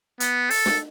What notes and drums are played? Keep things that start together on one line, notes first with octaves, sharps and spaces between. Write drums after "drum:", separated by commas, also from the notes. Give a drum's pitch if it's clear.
B3, drum: hi-hat
A4, drum: open hi-hat
drum: snare